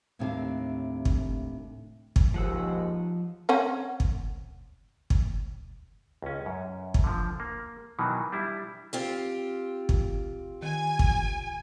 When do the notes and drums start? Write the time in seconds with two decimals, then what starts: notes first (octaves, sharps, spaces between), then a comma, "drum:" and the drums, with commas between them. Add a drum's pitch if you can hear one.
0.19 D#2 A2 C3 A3 D4 F5
1.05 drum: kick
2.16 drum: kick
2.34 D#2 G#2 F3 F#5 E6
3.49 C4 C#4 F#5
4.00 drum: kick
5.10 drum: kick
6.22 C#2 C#4
6.46 F#2
6.94 drum: kick
7.04 D3 F3
7.40 A#3
7.99 B2 D#3 E3 F#3
8.32 G3 D4 E4
8.93 C4 F4 G4
9.89 drum: kick
10.62 D#3 G#5
10.99 drum: kick